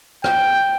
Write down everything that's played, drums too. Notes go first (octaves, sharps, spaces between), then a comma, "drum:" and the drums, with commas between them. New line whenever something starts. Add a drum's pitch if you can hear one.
G5, drum: rim click